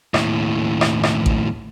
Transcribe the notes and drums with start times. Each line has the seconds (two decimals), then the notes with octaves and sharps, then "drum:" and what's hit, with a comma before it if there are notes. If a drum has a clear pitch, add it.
0.14 D#2 A2, drum: rim click
0.81 drum: rim click
1.03 drum: rim click
1.26 drum: kick A1